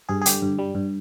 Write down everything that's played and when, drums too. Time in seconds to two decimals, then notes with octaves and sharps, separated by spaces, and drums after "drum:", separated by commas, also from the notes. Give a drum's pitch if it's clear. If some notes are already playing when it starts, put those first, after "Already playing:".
0.09 G2 G#4
0.21 G#4
0.26 D3 G4, drum: hi-hat
0.42 G2
0.59 G3
0.75 G2